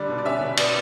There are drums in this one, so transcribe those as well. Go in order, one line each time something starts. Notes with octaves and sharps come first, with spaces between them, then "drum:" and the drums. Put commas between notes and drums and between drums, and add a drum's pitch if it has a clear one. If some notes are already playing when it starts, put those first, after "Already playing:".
Already playing: D3 G3 D5
B2
D5
C#4 E5
B2
B3 D5, drum: cymbal